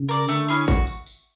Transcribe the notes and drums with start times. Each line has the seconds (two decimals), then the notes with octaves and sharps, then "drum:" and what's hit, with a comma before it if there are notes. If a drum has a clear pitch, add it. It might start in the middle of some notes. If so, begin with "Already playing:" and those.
Already playing: C#3
0.09 A#4 D5
0.28 D3 A3, drum: tambourine
0.48 C#4 E4 G#4
0.68 F#4, drum: kick G#1, tambourine
0.87 drum: tambourine
1.06 drum: tambourine